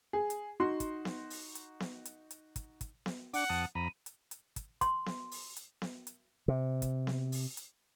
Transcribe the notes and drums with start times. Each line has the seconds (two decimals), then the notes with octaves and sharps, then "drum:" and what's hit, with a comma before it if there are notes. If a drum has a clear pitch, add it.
0.13 G#4
0.30 drum: hi-hat
0.60 D#4 F#4 C6
0.80 drum: kick, hi-hat
1.05 drum: snare B3
1.30 drum: open hi-hat
1.55 drum: hi-hat
1.80 drum: snare B3
2.05 drum: hi-hat
2.31 drum: hi-hat
2.56 drum: kick, hi-hat
2.81 drum: kick, hi-hat
3.06 drum: snare B3
3.34 D4 F#5 D6, drum: open hi-hat
3.49 F2 A5 D#6
3.75 F2 A#5 B5 D#7
4.06 drum: hi-hat
4.31 drum: hi-hat
4.56 drum: kick, hi-hat
4.81 C6, drum: kick, hi-hat
5.06 drum: snare B3
5.31 drum: open hi-hat
5.57 drum: hi-hat
5.82 drum: snare B3
6.07 drum: hi-hat
6.48 C3
6.82 drum: kick, hi-hat
7.07 drum: snare B3
7.32 drum: open hi-hat
7.57 drum: hi-hat